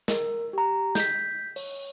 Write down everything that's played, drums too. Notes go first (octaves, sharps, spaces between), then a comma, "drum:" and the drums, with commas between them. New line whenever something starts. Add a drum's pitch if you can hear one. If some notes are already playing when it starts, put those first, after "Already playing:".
A#4, drum: snare
G4 A#5
G6 B6, drum: snare
C#5, drum: open hi-hat